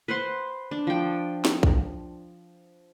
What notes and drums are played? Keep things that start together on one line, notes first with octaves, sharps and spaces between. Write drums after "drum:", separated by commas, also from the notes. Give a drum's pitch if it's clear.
B4 C5 F#5 C6
D4
F3 G5
drum: snare
drum: kick A#1